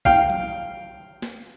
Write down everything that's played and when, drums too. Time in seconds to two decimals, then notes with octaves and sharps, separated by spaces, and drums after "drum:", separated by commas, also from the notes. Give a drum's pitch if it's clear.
0.05 F5 G5, drum: kick
0.30 drum: tom F#3
1.22 drum: snare